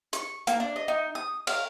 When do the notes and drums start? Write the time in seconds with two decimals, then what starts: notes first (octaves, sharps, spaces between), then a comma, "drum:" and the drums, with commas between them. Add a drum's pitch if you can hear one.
0.13 C#6, drum: hi-hat
0.47 A#3, drum: hi-hat
0.60 D4
0.76 D#5
0.88 D#4
1.15 D#6
1.47 F5, drum: cymbal